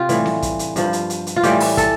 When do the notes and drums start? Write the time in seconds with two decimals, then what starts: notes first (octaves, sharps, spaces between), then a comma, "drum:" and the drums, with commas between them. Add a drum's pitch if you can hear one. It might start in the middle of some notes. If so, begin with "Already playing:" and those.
Already playing: C3 F4 G4
0.09 A2 E3 G3, drum: hi-hat
0.26 drum: snare C4
0.42 drum: kick, hi-hat
0.59 drum: hi-hat
0.76 G2 F3, drum: hi-hat
0.93 drum: hi-hat
1.10 drum: hi-hat
1.27 drum: hi-hat
1.36 F4
1.43 A2 E3 G3 G4, drum: hi-hat
1.60 drum: open hi-hat
1.77 A4, drum: kick, hi-hat